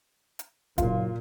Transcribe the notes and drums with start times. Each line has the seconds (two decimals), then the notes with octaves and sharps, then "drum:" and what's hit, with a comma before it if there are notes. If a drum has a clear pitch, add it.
0.39 drum: hi-hat
0.78 F#1 A#2 F4, drum: kick D#1, hi-hat